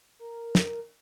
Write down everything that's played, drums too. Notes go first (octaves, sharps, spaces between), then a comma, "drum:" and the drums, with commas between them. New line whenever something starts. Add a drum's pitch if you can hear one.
A#4
drum: snare